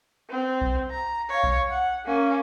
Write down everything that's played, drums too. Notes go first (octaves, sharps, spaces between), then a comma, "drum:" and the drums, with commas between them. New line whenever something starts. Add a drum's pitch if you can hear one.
C4
drum: kick B1
A#5
C#5 F5
drum: kick B1
F#5
A#3 C#4